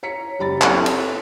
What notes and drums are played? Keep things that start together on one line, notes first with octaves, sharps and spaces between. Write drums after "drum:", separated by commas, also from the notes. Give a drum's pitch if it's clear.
C#5 A#5 B6 C#7
F#1 G3 A#5 B5 A6
C4 E4 G4 A4 C#5, drum: clap
drum: cymbal